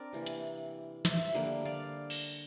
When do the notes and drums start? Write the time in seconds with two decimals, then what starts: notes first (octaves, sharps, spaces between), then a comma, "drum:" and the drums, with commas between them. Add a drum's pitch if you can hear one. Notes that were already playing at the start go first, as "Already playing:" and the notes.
Already playing: C4 D4 A#4 D5
0.13 C3 E3 A#3
0.26 drum: hi-hat
1.05 C5 E5, drum: snare
1.35 D3 G3 A#3
1.65 D5 F5
2.10 drum: cymbal